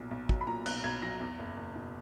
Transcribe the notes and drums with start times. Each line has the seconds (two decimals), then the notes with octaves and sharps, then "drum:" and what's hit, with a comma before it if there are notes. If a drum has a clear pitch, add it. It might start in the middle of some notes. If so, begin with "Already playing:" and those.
Already playing: B1 A#2
0.11 B1
0.29 F#3, drum: kick
0.41 B5
0.47 A#2 A#5
0.66 B1 F#6, drum: cymbal
0.84 B1 G#6
1.02 F#3 A#6
1.20 E2
1.39 F#1
1.57 F#1
1.76 B2